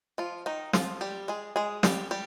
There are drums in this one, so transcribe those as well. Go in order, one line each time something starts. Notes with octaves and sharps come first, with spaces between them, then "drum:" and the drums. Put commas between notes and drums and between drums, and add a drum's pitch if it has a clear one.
F3 F4
D#3 D#4
F3 F4, drum: snare
G3 G4
G#3 G#4
G#3 G#4
G3 G4, drum: snare
G3 G4